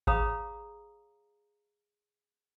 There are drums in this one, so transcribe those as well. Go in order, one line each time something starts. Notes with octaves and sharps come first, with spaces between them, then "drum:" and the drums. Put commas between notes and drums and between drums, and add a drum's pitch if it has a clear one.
G#4 C#5 F5 A#5 B5 D#6, drum: kick G#1